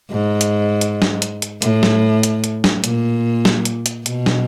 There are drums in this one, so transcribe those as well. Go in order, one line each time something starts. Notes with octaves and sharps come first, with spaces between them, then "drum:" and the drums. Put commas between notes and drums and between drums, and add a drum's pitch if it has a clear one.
G#2
drum: hi-hat
drum: hi-hat
drum: snare
drum: hi-hat
drum: hi-hat
A2, drum: hi-hat
drum: snare
drum: hi-hat
drum: hi-hat
drum: snare
A#2, drum: hi-hat
drum: snare
drum: hi-hat
drum: hi-hat
B2, drum: hi-hat
drum: snare